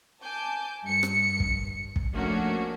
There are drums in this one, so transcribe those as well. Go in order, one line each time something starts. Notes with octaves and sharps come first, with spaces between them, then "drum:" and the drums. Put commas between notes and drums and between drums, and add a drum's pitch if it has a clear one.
G#5 A5 D6 G6
G2 C#7
drum: rim click
drum: kick
drum: kick
F3 A3 A#3 C#4 D4 F#4